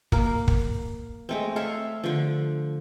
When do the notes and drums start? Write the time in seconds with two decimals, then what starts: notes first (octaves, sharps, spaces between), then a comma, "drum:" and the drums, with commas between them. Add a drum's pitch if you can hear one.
0.12 A#3 A#4 D6, drum: kick
0.48 drum: kick
1.29 G#3 A3 C4
1.56 A4 C#5 E5 F5
2.04 D3 F3